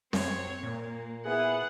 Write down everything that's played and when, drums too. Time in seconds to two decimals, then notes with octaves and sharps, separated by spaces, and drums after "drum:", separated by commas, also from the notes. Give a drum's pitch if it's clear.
0.13 F#2 C4 C#5, drum: snare C4
0.63 A#2 A#3
1.25 B3 E4 G#4 F#5